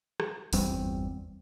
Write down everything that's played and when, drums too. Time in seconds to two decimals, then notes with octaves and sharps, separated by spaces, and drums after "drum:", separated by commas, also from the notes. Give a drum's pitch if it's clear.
0.20 drum: rim click
0.53 G1 E2 G3 C4, drum: open hi-hat